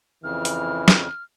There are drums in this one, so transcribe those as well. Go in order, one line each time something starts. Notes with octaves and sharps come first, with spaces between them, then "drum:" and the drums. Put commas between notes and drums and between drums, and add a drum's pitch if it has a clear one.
F2 C#3 E3 F6
drum: open hi-hat
drum: snare